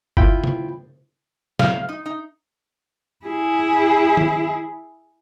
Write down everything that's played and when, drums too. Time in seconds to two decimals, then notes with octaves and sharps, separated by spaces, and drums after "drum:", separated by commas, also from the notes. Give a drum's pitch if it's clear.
0.17 E4 F4 G5 B5, drum: kick G1
0.44 drum: tom
1.59 F5, drum: snare
1.89 D#4
2.06 D#4
3.26 E4 G#4
4.17 drum: tom D#3